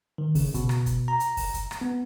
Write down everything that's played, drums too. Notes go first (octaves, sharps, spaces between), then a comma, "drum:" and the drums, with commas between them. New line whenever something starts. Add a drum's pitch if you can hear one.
D#3
C#3, drum: kick, open hi-hat
B2, drum: kick, hi-hat
drum: rim click
drum: kick, hi-hat
A#5
drum: hi-hat
drum: kick, open hi-hat
drum: kick, hi-hat
drum: rim click
B3